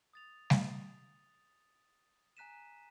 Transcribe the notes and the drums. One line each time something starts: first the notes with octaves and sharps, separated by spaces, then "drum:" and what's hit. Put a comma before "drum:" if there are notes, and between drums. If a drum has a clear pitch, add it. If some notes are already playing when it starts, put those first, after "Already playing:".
D#6 A6 F7
drum: snare
G#5 A#5 F#6 B6 D#7 E7